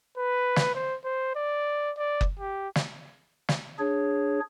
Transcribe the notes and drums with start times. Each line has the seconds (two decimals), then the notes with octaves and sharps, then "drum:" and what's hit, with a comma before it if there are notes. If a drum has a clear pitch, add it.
0.17 B4
0.56 drum: snare
0.75 C5
1.05 C5
1.36 D5
1.98 D5
2.21 drum: kick F#1
2.39 G4
2.75 drum: snare
3.49 drum: snare
3.79 D4 G#4 C#5